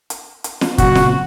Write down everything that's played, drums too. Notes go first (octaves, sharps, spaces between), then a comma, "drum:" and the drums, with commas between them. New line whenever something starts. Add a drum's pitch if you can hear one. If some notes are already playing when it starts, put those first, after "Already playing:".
drum: hi-hat
drum: hi-hat
drum: snare
A#2 C#3 F#3 F#4, drum: kick, hi-hat
drum: snare